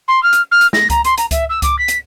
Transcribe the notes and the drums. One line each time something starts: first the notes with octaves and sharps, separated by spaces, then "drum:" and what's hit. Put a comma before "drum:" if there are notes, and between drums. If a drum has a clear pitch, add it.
C6
F6
drum: hi-hat
F6
drum: hi-hat
A#6, drum: snare
A#5, drum: kick C#2, hi-hat
C6, drum: hi-hat
A#5, drum: hi-hat
E5, drum: kick C#2, hi-hat
E6
D6, drum: kick C#2, hi-hat
B6
drum: hi-hat